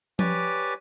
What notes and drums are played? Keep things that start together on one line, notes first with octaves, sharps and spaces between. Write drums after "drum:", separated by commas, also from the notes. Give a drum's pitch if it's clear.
G4 B4 C#5 D5 G#5 D6, drum: tom F3